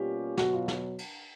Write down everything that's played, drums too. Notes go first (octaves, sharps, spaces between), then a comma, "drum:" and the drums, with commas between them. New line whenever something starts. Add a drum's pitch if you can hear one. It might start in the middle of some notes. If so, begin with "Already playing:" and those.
Already playing: B2 G3 A#3 C#4 F4 G4
B2 F#3 F#4, drum: snare
F4
drum: snare
drum: cymbal